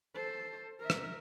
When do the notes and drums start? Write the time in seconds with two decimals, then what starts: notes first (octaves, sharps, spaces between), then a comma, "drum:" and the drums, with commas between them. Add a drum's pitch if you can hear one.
0.14 A4 C5
0.80 A#4 E5
0.90 drum: rim click